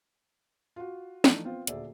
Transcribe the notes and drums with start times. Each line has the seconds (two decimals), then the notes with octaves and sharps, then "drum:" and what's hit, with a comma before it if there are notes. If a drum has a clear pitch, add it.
0.76 F4 F#4
1.24 E3 F3 A3 D4 D#4, drum: snare
1.45 B3 C4 F4
1.67 D#1 D2 G#4 D5 E5, drum: hi-hat